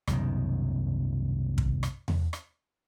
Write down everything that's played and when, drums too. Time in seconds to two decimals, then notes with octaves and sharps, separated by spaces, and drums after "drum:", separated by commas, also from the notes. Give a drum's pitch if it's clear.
0.07 C2 F#2 B2 D#3, drum: rim click
1.58 drum: kick
1.83 drum: rim click
2.08 drum: tom E2
2.33 drum: rim click